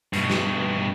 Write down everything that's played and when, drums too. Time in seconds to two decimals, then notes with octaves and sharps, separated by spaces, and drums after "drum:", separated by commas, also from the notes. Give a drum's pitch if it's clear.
0.13 G2 B2, drum: hi-hat
0.30 drum: snare